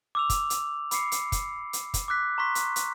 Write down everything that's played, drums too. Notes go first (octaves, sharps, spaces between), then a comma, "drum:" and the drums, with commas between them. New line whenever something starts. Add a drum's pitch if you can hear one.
D6 E6 F7
drum: kick, hi-hat
drum: hi-hat
B5 D6 C7 C#7, drum: hi-hat
drum: hi-hat
drum: kick, hi-hat
drum: hi-hat
drum: kick, hi-hat
D6 E6 F#6 B6
A#5 C6 C#6 B6
drum: hi-hat
drum: hi-hat